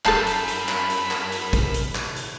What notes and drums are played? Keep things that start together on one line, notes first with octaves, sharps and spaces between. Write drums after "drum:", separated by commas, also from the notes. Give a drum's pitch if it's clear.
F#2 A4 F#5 A5 B5 G6 C7, drum: clap
drum: hi-hat
drum: hi-hat
drum: clap
drum: hi-hat
drum: clap
drum: hi-hat
drum: kick A1, hi-hat
drum: hi-hat
drum: clap
drum: hi-hat